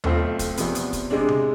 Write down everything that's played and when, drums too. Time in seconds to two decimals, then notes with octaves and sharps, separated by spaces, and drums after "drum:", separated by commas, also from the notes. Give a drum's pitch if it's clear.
0.04 B1 B2 A3 C4 F4, drum: tom D#2
0.39 drum: kick, hi-hat
0.57 E2 C3 F3 B3, drum: hi-hat
0.75 drum: hi-hat
0.93 drum: kick, hi-hat
1.10 C3 G#3 D4
1.29 drum: tom C3